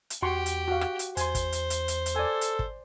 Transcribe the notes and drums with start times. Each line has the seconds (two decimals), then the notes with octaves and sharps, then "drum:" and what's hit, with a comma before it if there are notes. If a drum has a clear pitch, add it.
0.10 drum: hi-hat
0.22 E2 F#4 G4 C6 C#6
0.46 drum: hi-hat
0.68 F#4 F5
0.81 drum: rim click
0.99 drum: hi-hat
1.17 E2 C5 G#5 C6, drum: hi-hat
1.35 drum: kick, hi-hat
1.52 drum: hi-hat
1.70 drum: hi-hat
1.88 drum: hi-hat
2.06 drum: hi-hat
2.16 A4 D5 G#5
2.41 drum: hi-hat
2.59 drum: kick